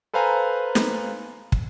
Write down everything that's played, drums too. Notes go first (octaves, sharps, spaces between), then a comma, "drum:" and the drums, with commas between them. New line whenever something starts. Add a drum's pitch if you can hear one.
A4 B4 C5 F5 G#5 A#5
drum: snare
drum: kick